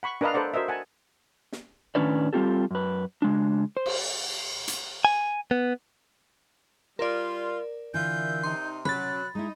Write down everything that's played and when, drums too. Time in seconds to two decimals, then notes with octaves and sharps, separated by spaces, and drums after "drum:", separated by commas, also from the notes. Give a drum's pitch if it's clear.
0.03 F#5 B5 C#6
0.21 D4 A#4 B4 D#5 F5 A#5
0.34 A4 B4 C5 D5 F#5
0.54 F#4 A#4 C5 D#5 E5
0.68 F#5 G#5 A5
1.52 drum: snare
1.95 A2 D#3 C#4 D4 B4 D5
2.33 G3 G#3 C4 F4 G4 A4
2.71 F#2 B4
3.22 C#3 G#3 D4
3.77 C5
3.86 drum: cymbal
4.68 drum: hi-hat
5.05 G#5
5.51 B3
6.99 G3 F4 A#4 D5 C6
7.94 D3 E3 F4 E5 G6
8.43 C3 D#4 C6
8.85 F#3 C#4 B5 F#6 A6, drum: tom
9.35 G#3 D#4 E4